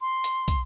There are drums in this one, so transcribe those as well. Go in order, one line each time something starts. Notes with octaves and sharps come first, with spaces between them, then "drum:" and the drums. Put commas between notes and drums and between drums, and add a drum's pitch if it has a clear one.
C6
drum: hi-hat
drum: kick, hi-hat